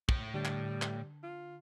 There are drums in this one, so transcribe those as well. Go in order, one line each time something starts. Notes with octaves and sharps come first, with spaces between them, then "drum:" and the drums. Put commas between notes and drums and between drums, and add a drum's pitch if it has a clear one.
A2, drum: kick
D3 G3
drum: clap
drum: clap
F4